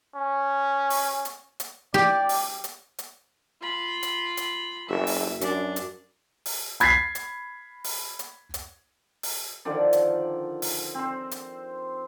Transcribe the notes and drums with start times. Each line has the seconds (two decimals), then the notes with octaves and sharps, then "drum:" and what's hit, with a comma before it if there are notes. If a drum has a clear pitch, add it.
0.15 C#4
0.90 drum: open hi-hat
1.25 drum: hi-hat
1.60 drum: hi-hat
1.94 G4 D5
2.29 drum: open hi-hat
2.64 drum: hi-hat
2.98 drum: hi-hat
3.61 F4 B5
4.03 drum: hi-hat
4.37 drum: hi-hat
4.89 F#1 E5
5.07 drum: open hi-hat
5.41 F#2 D4, drum: hi-hat
5.76 drum: hi-hat
6.46 drum: open hi-hat
6.80 B5 G#6 A6 B6 C7, drum: hi-hat
7.15 drum: hi-hat
7.84 drum: open hi-hat
8.19 drum: hi-hat
8.54 drum: hi-hat
9.23 drum: open hi-hat
9.65 D3 D#3 F3 D5
9.93 drum: hi-hat
10.62 drum: open hi-hat
10.95 C4 C5
11.31 drum: hi-hat